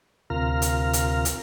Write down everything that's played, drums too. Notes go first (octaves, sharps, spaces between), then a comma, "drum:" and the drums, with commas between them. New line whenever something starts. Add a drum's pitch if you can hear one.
D2 C3 F4 A#4 A#5 F6
drum: hi-hat
drum: hi-hat
drum: hi-hat